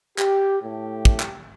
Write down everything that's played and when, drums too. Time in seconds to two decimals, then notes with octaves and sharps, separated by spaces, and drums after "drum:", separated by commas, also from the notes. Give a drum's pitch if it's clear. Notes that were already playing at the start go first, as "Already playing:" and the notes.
0.18 G4, drum: clap
0.62 A2 A3 G4
1.05 drum: kick
1.20 drum: clap